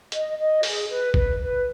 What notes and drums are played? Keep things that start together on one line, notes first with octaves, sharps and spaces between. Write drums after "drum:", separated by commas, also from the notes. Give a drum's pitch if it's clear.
D#5, drum: hi-hat
D#5
G#4, drum: open hi-hat
B4
B4, drum: kick
B4